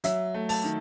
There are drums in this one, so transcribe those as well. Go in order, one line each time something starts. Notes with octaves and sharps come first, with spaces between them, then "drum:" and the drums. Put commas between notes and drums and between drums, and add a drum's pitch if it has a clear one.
F#3 E5, drum: hi-hat
A3
A5, drum: open hi-hat
D#3